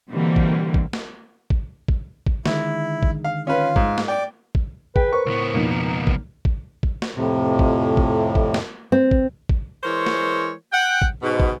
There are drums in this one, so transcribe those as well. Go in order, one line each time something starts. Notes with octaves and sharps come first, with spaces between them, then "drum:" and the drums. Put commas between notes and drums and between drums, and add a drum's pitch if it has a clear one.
B2 D3 E3 G3 A#3 C4
drum: kick
drum: kick
drum: snare
drum: kick
drum: kick
drum: kick
D3 D#3 G#3 E4, drum: snare
drum: kick
F5
C#4 F4 B4
G#2, drum: kick
drum: snare
D5 G5
drum: kick
G#4 B4 G5, drum: kick
A#4 C5 C#6
C#2 A2 B3
F2 B2 F3 A#3 D#4
drum: kick
drum: kick
drum: kick
drum: snare
F2 A2 C3
drum: kick
drum: kick
drum: kick
drum: snare
C4
drum: kick
drum: kick
E3 G#3 A#4 C5 C#5
drum: snare
F#5 G5
drum: kick
G#2 B2
drum: kick